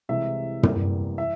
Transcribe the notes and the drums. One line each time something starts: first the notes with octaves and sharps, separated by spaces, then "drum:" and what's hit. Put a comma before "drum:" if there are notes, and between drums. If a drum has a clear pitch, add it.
C2 C3 E3 G#3 E5
E2 C3 G3 A#3, drum: tom
E3 E5